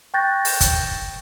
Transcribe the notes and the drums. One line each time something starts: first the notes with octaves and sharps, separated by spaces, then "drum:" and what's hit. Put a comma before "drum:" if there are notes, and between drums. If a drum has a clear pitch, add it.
G5 C#6 F#6 G6 A6 A#6
drum: open hi-hat
drum: kick, hi-hat